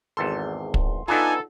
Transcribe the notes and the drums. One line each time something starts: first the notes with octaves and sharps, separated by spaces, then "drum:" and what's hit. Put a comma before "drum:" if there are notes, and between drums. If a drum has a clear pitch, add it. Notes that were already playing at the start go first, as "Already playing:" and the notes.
G#1 E2 A4 C6
drum: kick
B3 D4 D#4 F4 A4 G#5 A#5